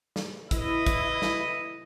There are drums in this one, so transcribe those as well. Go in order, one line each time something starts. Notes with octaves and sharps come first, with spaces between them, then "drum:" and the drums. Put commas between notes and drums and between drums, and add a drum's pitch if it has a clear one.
drum: snare
E4 B4 D#5, drum: kick, hi-hat
drum: kick, hi-hat
drum: snare